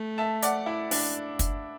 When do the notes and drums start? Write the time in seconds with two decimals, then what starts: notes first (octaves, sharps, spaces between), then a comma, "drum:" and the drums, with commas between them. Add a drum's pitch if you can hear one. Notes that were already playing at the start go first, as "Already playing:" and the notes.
Already playing: A3
0.18 E5 A5
0.43 D5 F#5, drum: hi-hat
0.66 E4
0.91 D4, drum: open hi-hat
1.39 drum: kick, hi-hat